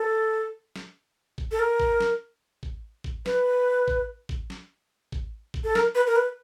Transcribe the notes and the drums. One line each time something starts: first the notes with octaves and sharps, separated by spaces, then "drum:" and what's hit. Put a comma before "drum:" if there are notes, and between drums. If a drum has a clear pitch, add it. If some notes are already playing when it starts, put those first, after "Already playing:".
Already playing: A4
drum: snare
drum: kick
A4
A#4
drum: kick
drum: snare
drum: kick
drum: kick
B4, drum: snare
drum: kick
drum: kick
drum: snare
drum: kick
drum: kick
A4
A#4, drum: snare
B4
A#4
B4